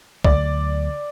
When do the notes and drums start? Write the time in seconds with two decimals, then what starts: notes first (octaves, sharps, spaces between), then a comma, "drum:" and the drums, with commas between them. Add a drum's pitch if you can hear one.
0.25 D2 F#3 D5, drum: kick C2